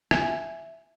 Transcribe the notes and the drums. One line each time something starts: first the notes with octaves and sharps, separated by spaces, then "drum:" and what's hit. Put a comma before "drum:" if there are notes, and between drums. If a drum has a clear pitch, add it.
E5 G#5, drum: rim click